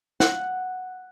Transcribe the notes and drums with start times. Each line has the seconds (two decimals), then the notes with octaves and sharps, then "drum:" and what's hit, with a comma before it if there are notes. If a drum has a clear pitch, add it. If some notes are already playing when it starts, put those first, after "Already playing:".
0.20 F#5, drum: snare